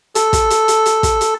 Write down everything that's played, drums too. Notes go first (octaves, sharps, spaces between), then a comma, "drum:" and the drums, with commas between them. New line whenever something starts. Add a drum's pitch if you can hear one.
A4, drum: hi-hat
drum: kick, hi-hat
drum: hi-hat
drum: hi-hat
drum: hi-hat
drum: kick, hi-hat
drum: hi-hat